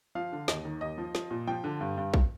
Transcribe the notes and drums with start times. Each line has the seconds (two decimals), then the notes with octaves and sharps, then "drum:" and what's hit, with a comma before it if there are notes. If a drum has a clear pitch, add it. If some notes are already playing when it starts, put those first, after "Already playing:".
0.15 F3 F5
0.32 D3
0.48 D#2 D#5, drum: snare
0.65 D#3
0.81 D#2 D#5
0.98 F3
1.15 F3, drum: snare
1.31 A#2
1.47 F3 G5
1.64 D3
1.81 G2
1.97 G2
2.14 drum: kick A#1